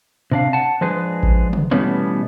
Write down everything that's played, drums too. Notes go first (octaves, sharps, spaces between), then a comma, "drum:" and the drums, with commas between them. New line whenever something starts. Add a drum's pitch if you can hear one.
C3 D4 F5
F#5 A5
F3 G#3 D4 G#4 B4
drum: kick A1
drum: tom
B2 E3 G3 A3 B3 C#4